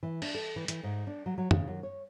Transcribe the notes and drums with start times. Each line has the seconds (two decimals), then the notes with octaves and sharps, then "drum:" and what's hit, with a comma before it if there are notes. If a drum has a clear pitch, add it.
0.03 E3
0.22 D4, drum: cymbal
0.35 A4
0.56 E3
0.68 E3, drum: hi-hat
0.83 G#2
1.07 D4
1.26 F#3
1.38 F#3
1.51 C#3, drum: tom
1.68 F#2
1.83 C#5